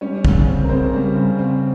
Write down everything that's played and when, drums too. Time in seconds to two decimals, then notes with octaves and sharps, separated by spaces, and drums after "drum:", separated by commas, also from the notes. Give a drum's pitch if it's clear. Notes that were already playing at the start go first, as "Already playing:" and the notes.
0.01 G3 C#4 C#5
0.25 C#3, drum: kick
0.47 C4
0.64 A#4
0.69 C#3 C4 C5
0.93 G3
1.15 C#3
1.39 C4